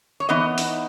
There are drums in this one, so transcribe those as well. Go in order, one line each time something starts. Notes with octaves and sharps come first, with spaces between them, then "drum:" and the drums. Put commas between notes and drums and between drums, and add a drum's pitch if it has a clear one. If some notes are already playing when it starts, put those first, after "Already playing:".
C#5
E3 B3 D#4 D#5
drum: open hi-hat